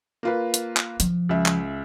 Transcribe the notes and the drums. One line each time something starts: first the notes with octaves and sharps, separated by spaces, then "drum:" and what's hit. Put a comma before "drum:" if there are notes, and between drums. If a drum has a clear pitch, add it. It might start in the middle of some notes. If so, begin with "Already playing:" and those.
A#3 F4 B4
drum: hi-hat
drum: clap
F3, drum: hi-hat
C#2 E5
drum: clap